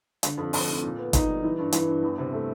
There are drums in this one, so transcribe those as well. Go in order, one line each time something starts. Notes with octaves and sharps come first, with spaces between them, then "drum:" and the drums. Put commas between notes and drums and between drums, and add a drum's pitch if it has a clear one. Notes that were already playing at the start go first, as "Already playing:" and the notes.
D3, drum: hi-hat
F2
F2, drum: open hi-hat
F1
A#2
B3
D#4, drum: kick, hi-hat
G3
E3
G2
E3, drum: hi-hat
G2
E2
C3
A3